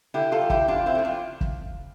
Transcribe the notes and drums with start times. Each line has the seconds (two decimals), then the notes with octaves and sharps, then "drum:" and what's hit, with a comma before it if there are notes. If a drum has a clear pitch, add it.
0.14 D3 E4 G4
0.32 F4 A4
0.41 G3
0.50 E4 G4, drum: kick
0.68 D3 D4 F4
0.86 C4 E4
0.95 F3 A3
1.05 D4 F4
1.41 drum: kick